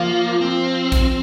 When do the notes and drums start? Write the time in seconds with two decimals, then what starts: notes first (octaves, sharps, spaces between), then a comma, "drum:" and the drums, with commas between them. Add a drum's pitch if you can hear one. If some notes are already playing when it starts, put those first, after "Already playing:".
Already playing: F3 A#3
0.41 C4
0.92 drum: kick A#1, hi-hat